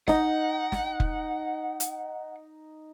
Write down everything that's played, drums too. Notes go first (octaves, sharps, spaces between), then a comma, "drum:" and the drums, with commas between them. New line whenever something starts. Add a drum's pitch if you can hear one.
D#4 D#5 F#5, drum: snare
drum: snare
drum: kick
drum: hi-hat